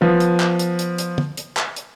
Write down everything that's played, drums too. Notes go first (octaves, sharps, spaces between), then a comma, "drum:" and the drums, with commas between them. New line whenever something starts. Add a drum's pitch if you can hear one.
F3 B3
drum: hi-hat
drum: clap
drum: hi-hat
drum: hi-hat
drum: hi-hat
drum: tom
drum: hi-hat
drum: clap
drum: hi-hat